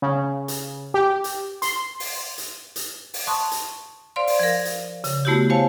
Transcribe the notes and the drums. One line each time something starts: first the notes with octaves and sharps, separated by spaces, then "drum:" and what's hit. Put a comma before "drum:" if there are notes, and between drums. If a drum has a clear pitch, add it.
C#3
drum: hi-hat
G4
drum: hi-hat
C6, drum: hi-hat
drum: open hi-hat
drum: hi-hat
drum: hi-hat
drum: open hi-hat
A5 C6 C#6 D#6 F#6
drum: hi-hat
C5 D5 F5 C6
drum: open hi-hat
F3 A#4
drum: hi-hat
C#3, drum: hi-hat
A3 B3 E4 F#4 G4
C5 C#5 F5 G#5 A5